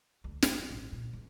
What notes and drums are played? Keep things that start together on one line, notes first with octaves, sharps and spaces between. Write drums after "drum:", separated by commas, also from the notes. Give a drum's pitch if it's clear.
D2
G#1, drum: snare
G2
A1
A#2
C#2